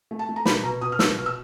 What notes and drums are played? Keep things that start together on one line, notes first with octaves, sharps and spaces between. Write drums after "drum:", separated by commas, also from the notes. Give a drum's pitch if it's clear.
A3
A5
A3
A#5
B2 B5, drum: snare
B2 A#5
B2 D#6
F6
B2 E6, drum: snare
B2
E6